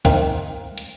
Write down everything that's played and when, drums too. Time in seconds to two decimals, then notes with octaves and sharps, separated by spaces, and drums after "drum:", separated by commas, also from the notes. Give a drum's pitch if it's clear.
0.05 D#3 C4 F5, drum: kick, open hi-hat
0.78 drum: hi-hat